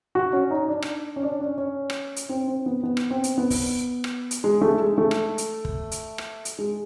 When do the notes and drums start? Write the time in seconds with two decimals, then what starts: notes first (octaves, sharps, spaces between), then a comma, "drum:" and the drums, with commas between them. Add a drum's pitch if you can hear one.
0.15 F#4
0.33 C#4
0.51 D#4
0.69 D4
0.82 drum: rim click
1.16 C#4
1.23 D4
1.41 C#4
1.58 C#4
1.90 drum: rim click
2.16 drum: hi-hat
2.29 C4
2.48 C4
2.66 B3
2.83 B3
2.97 drum: rim click
3.11 C4
3.24 drum: hi-hat
3.38 B3
3.50 drum: kick, open hi-hat
4.04 drum: rim click
4.31 drum: hi-hat
4.44 G#3
4.61 A3
4.80 G#3
4.98 A3
5.11 drum: rim click
5.38 drum: hi-hat
5.65 drum: kick
5.91 drum: hi-hat
6.18 drum: rim click
6.45 drum: hi-hat
6.59 G#3